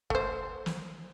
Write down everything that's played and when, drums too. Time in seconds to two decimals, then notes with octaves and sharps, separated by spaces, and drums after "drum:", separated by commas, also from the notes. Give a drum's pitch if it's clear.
0.10 A3 C5, drum: kick
0.66 drum: snare